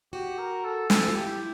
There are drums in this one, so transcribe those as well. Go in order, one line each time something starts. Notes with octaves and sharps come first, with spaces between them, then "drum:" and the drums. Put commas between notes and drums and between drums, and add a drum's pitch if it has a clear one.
F#4 G4
A#4
A4
A4, drum: snare
F4
E4 G4